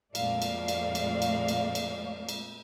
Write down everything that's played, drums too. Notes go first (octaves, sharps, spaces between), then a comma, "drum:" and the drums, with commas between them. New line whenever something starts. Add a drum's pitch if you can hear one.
F2 A#2 G#3 A3 D5 F5, drum: cymbal
drum: cymbal
drum: cymbal
drum: cymbal
drum: cymbal
drum: cymbal
drum: cymbal
drum: cymbal